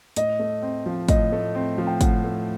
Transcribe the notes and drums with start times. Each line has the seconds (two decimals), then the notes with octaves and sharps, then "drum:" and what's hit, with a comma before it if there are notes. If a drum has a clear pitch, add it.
0.16 A2 D#5, drum: hi-hat
0.39 A3
0.62 C4
0.86 F3
1.09 A2 D#5, drum: kick, hi-hat
1.32 A3
1.55 C4
1.78 F3
1.87 G5
2.01 A2 F#5, drum: kick, hi-hat
2.24 A3